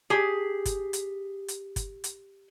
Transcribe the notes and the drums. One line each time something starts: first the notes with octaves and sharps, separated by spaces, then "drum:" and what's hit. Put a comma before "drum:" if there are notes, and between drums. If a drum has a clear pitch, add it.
G4 G#4
drum: kick G1, hi-hat
drum: hi-hat
drum: hi-hat
drum: kick G1, hi-hat
drum: hi-hat